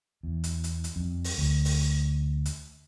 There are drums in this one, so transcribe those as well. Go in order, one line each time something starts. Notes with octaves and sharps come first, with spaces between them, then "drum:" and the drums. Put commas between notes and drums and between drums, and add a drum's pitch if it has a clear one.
E2
drum: hi-hat
drum: hi-hat
drum: hi-hat
F2
drum: open hi-hat
D2
drum: open hi-hat
drum: hi-hat